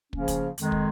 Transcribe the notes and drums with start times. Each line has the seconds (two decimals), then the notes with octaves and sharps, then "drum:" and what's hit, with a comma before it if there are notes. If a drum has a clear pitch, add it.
0.13 C#3 F3 A#3 C#4, drum: kick
0.28 drum: kick, hi-hat
0.58 F2 D#3 G#3, drum: hi-hat
0.72 drum: kick